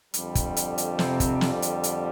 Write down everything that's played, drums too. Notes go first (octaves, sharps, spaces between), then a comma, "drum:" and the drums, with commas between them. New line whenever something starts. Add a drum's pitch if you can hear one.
F2 D3 G3, drum: hi-hat
drum: kick, hi-hat
drum: hi-hat
drum: hi-hat
C3 C4, drum: snare
drum: kick, hi-hat
drum: snare
drum: hi-hat
drum: hi-hat